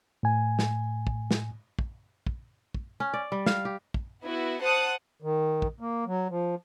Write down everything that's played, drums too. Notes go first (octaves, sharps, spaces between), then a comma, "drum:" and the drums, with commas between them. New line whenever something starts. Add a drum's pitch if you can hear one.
A2 G#5
drum: snare
drum: kick
drum: snare
drum: kick
drum: kick
drum: kick
C#4
D5
G3
F5, drum: snare
G4
drum: kick
B3 E4 F#4
C5 F#5 A5 D#6 F#6
D#3
drum: kick
A#3
F#3
F3